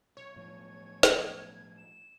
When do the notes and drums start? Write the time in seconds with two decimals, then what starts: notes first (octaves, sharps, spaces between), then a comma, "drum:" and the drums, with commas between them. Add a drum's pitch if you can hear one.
0.17 B1 C#5
0.36 A2 F3 G#6
1.03 drum: snare
1.77 E7